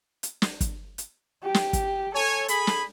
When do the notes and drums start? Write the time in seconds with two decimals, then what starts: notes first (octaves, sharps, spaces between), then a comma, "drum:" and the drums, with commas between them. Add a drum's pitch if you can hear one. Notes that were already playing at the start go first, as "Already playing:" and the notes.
0.23 drum: hi-hat
0.42 drum: snare
0.61 drum: kick, hi-hat
0.98 drum: hi-hat
1.43 G4
1.54 drum: snare
1.73 drum: kick, hi-hat
2.14 A4 C#5 G#5
2.48 G#4 B5, drum: hi-hat
2.67 drum: snare